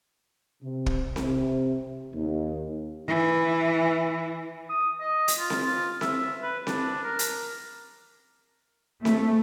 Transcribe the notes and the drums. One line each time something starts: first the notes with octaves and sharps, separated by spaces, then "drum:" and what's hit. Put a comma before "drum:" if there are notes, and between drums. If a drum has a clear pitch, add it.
C3
drum: kick
C3, drum: snare C4
D#2
E3
D#6
D#5
drum: hi-hat
F4
drum: snare C4
F4
E5, drum: snare C4
B4
D4, drum: snare C4
A#4
drum: hi-hat
A3, drum: snare C4